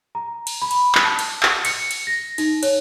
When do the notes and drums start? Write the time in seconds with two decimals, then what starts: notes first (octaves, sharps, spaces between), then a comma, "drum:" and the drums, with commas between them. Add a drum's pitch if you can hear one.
0.15 A#5
0.47 drum: cymbal
0.62 B5
0.71 drum: cymbal
0.95 drum: clap
1.04 A5
1.19 drum: cymbal
1.43 drum: clap
1.65 C#7, drum: cymbal
1.91 drum: cymbal
2.07 A#6
2.38 D#4, drum: cymbal
2.63 C#5, drum: cymbal